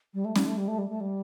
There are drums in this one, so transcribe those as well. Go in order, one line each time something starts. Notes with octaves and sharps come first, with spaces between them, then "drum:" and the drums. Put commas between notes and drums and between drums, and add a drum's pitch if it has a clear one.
G3
A3
G3, drum: snare C#4
A3
G3
A3
G3
A3
G3